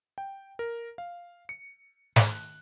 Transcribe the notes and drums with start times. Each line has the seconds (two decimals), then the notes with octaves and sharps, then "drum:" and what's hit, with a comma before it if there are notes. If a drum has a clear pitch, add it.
0.18 G5
0.59 A#4
0.98 F5
1.49 C#7
2.16 F#6, drum: snare